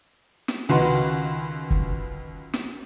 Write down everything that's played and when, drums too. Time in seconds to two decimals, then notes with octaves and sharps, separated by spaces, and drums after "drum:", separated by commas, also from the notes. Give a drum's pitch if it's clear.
0.48 drum: snare
0.69 C#2 D#3 F#4 B4 C6
1.70 drum: kick
2.54 drum: snare